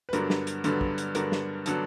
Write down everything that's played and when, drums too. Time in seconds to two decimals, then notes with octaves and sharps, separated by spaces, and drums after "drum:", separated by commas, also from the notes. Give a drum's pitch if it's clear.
0.09 B4
0.13 G2 D3 F#3 B3 D4 A#4, drum: hi-hat
0.30 drum: snare
0.47 drum: hi-hat
0.64 G2 D3 F#3 B3 D4, drum: hi-hat
0.81 drum: kick
0.98 drum: hi-hat
1.15 G2 D3 F#3 B3 D4 A#4, drum: hi-hat
1.32 drum: snare
1.66 D3 F#3 B3 D4 A4, drum: hi-hat